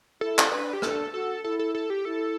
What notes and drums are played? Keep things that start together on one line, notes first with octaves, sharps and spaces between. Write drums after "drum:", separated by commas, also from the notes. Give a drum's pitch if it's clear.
E4 A4
drum: clap
D4 B4
G4
D4 A4, drum: rim click
F#4 A4
E4 A4
A4
A4
G4
E4 A4